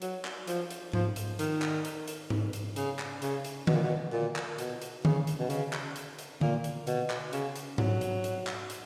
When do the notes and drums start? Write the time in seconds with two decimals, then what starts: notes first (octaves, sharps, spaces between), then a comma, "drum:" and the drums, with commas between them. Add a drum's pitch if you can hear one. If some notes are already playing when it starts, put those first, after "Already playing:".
0.02 F#3, drum: hi-hat
0.25 drum: clap
0.47 F3, drum: hi-hat
0.71 drum: hi-hat
0.93 F3, drum: tom G#2
1.16 drum: hi-hat
1.39 D#3, drum: hi-hat
1.62 drum: clap
1.85 drum: hi-hat
2.08 drum: hi-hat
2.30 drum: tom G#2
2.53 drum: hi-hat
2.76 C#3, drum: hi-hat
2.99 drum: clap
3.22 C#3, drum: hi-hat
3.45 drum: hi-hat
3.67 B2, drum: tom D3
3.75 A#2
3.83 B2
4.12 A#2
4.36 drum: clap
4.58 B2, drum: hi-hat
4.82 drum: hi-hat
5.05 C#3, drum: tom D3
5.27 drum: hi-hat
5.39 B2
5.50 C#3, drum: hi-hat
5.73 drum: clap
5.96 drum: hi-hat
6.19 drum: hi-hat
6.41 A#2, drum: tom D3
6.64 drum: hi-hat
6.87 B2, drum: hi-hat
7.10 drum: clap
7.33 C#3, drum: hi-hat
7.56 drum: hi-hat
7.78 F#3, drum: tom G#2
8.01 drum: hi-hat
8.24 drum: hi-hat
8.47 drum: clap
8.70 drum: hi-hat